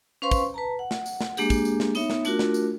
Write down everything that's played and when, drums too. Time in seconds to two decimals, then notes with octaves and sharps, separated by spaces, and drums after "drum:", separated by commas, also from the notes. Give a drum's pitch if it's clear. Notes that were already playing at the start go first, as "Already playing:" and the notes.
0.22 C#4 B4 C5 F5 C6 C#6
0.31 drum: kick, tambourine
0.54 B4 A5 A#5
0.79 F#5
0.91 drum: snare
1.06 drum: tambourine
1.21 drum: snare
1.37 G#3 A#3 D4 G4 G#4, drum: tambourine
1.50 drum: kick, tambourine
1.65 drum: tambourine
1.80 drum: snare
1.95 B3 D#4 C#5 E5, drum: tambourine
2.10 drum: snare
2.25 A3 D4 F4 F#4 A#4, drum: tambourine
2.39 drum: snare
2.54 drum: tambourine